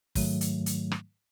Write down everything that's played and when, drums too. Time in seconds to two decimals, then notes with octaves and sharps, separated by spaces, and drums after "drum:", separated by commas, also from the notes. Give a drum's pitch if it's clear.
0.15 G#2 D#3 F#3 A3, drum: kick, open hi-hat
0.41 drum: hi-hat
0.66 drum: hi-hat
0.92 drum: rim click